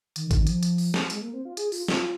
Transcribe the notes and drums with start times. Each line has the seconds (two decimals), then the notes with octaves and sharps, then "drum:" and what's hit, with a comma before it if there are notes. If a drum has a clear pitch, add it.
0.16 D#3, drum: hi-hat
0.31 D#3, drum: kick G#1, hi-hat
0.47 F3, drum: hi-hat
0.63 drum: hi-hat
0.78 drum: open hi-hat
0.94 drum: snare
1.10 G#3, drum: hi-hat
1.21 A#3
1.33 C4
1.45 F4
1.57 G#4, drum: hi-hat
1.72 F4, drum: open hi-hat
1.88 F4, drum: snare